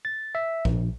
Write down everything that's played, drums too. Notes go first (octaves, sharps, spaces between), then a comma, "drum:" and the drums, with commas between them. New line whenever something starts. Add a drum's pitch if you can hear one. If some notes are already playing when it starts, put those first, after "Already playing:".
A6
E5
A#1, drum: kick